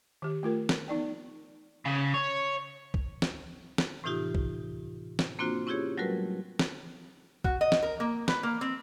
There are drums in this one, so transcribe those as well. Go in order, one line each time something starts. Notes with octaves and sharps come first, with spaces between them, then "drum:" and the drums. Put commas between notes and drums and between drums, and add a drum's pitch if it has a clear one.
D#3 G4
A3 F4 A#4
drum: snare
B3 D#4 D5 G5
C#3
C#5
drum: kick
drum: snare
drum: snare
A2 C3 E3 D#4 F4 G4
drum: kick
drum: snare
A#3 C4 D4 F4 F#4 C5
C#4 E4 F4 G4 G#4 C#5
F#3 G3 A3 F#4 A#4 B4
drum: snare
F#4, drum: kick
D#5
drum: snare
A#4
A#3
B4, drum: snare
A#3
C4